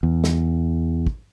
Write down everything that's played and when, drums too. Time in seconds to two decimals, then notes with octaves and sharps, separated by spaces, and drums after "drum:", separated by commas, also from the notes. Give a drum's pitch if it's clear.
0.03 E2
0.24 drum: snare
1.07 drum: kick